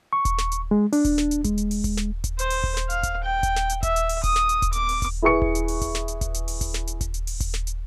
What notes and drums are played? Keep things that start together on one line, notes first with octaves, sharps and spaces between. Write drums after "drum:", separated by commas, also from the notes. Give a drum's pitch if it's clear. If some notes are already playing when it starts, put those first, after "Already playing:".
C#6
drum: kick D#1, hi-hat
drum: snare
drum: hi-hat
G#3
D4, drum: open hi-hat
drum: kick D#1, hi-hat
drum: snare
drum: hi-hat
G#3, drum: kick D#1, hi-hat
drum: hi-hat
drum: open hi-hat
drum: kick D#1, hi-hat
drum: snare
drum: kick D#1, hi-hat
C5, drum: hi-hat
drum: open hi-hat
drum: kick D#1
drum: snare
F5, drum: hi-hat
drum: kick D#1, hi-hat
G5
drum: kick D#1, hi-hat
drum: snare
drum: hi-hat
E5, drum: kick D#1, hi-hat
drum: hi-hat
drum: open hi-hat
D#6, drum: kick D#1, hi-hat
drum: snare
drum: hi-hat
drum: kick D#1, hi-hat
D6, drum: hi-hat
drum: open hi-hat
drum: kick D#1, hi-hat
E4 G#4 B4 C#6 C#7
drum: kick D#1
drum: hi-hat
drum: open hi-hat
drum: kick D#1, hi-hat
drum: snare
drum: hi-hat
drum: kick D#1, hi-hat
drum: hi-hat
drum: open hi-hat
drum: kick D#1, hi-hat
drum: snare
drum: hi-hat
drum: kick D#1, hi-hat
drum: hi-hat
drum: open hi-hat
drum: kick D#1, hi-hat
drum: snare
drum: hi-hat